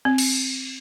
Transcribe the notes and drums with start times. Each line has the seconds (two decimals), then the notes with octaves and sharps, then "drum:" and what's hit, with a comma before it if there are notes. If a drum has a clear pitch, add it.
0.05 C4
0.18 drum: cymbal